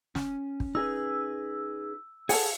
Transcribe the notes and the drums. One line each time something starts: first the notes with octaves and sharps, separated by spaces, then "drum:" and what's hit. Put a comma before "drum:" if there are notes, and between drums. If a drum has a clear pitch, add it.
C#4, drum: snare
drum: kick
D#4 G#4 B4 E6
G#4 A4 F5 F#5, drum: open hi-hat